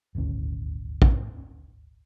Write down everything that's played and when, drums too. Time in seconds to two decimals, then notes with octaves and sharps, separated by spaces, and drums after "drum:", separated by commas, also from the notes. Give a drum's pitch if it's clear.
0.15 D#1 G#1 D2 C#4
1.02 drum: kick A#1